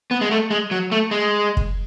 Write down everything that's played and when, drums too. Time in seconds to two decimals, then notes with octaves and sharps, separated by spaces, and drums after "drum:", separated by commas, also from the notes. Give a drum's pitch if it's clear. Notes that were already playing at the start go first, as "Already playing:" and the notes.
0.11 B3
0.21 G#3
0.31 A3
0.51 G#3
0.71 F#3
0.92 A3
1.11 G#3
1.57 drum: kick